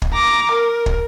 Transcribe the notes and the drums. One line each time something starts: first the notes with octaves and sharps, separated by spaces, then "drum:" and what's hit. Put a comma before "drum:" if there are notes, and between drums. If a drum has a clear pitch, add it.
drum: kick
A#5 D6
A#4
drum: kick